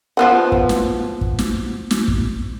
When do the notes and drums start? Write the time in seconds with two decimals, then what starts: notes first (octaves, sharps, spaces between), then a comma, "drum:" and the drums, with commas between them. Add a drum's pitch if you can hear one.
0.17 F3 B3 F#5
0.52 drum: kick
0.69 drum: snare
1.21 drum: kick
1.39 drum: snare
1.91 drum: snare
2.08 drum: kick